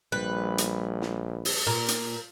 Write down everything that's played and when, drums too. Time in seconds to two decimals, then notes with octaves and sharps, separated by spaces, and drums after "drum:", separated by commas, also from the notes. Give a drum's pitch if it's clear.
0.12 A#1 G3 B4
0.58 drum: hi-hat
1.02 drum: snare
1.45 drum: open hi-hat
1.67 A#2 A#4
1.88 drum: hi-hat